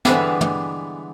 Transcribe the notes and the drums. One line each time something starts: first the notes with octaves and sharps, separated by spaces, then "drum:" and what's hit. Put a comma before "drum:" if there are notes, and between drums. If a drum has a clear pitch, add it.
D3 E3 G3 G#3 B3, drum: snare
drum: tom